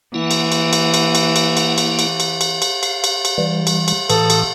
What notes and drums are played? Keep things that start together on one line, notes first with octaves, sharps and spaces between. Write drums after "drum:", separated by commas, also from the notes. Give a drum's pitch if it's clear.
E3 A#3 E4 F#5
drum: cymbal
drum: cymbal
drum: cymbal
drum: cymbal
drum: cymbal
drum: cymbal
drum: cymbal
drum: cymbal
drum: cymbal
drum: cymbal
drum: cymbal
drum: cymbal
F5, drum: cymbal
drum: cymbal
drum: cymbal
E3 G3
drum: cymbal
drum: cymbal
A2 E3 A4 D#6, drum: cymbal
drum: cymbal